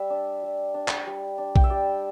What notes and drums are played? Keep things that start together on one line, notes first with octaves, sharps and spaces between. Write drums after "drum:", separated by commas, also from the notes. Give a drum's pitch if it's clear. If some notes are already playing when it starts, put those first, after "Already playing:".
Already playing: G3 E5
D4
G3
D4
drum: clap
G3
D4
G5, drum: kick A#1
E5
G3 D5